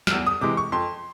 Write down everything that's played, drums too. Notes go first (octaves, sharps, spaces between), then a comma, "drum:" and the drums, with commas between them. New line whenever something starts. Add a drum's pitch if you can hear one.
F6, drum: snare
E2 E6
D#6
C3 E3 G#3 D6
C#6
F2 C6